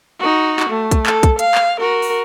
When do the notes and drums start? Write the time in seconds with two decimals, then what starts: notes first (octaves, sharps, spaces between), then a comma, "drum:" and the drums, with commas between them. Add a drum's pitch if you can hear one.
0.20 D#4 F#4
0.60 drum: clap
0.69 A3
0.91 drum: kick, hi-hat
1.06 A4, drum: clap
1.23 drum: kick, hi-hat
1.39 F5, drum: hi-hat
1.55 drum: clap
1.79 F#4 A#4
2.02 drum: open hi-hat